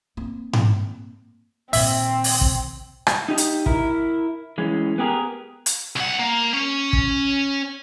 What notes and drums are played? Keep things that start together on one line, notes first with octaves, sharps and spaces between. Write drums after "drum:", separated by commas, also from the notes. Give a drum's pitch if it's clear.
A#3 C4
drum: tom G#2
A#2 D#3 C4 E5, drum: open hi-hat
drum: open hi-hat
drum: kick
drum: rim click
D#4 G4 D#5
drum: hi-hat
E4 A#4, drum: kick
E3 G#3 C#4
B3 G4 G#4 A#4
drum: hi-hat
C2 F#5
A#3
C#4
drum: kick